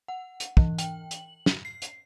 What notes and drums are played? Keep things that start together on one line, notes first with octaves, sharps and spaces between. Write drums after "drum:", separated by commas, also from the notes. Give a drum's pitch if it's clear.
F#5
drum: hi-hat
E3, drum: kick
G5, drum: hi-hat
F#7, drum: hi-hat
drum: snare
C7
drum: hi-hat